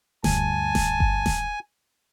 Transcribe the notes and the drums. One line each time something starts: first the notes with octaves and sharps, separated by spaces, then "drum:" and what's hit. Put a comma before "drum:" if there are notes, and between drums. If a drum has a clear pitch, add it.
D2 G2 G#5 A5, drum: snare D#1
drum: snare D#1
drum: kick G1
drum: snare D#1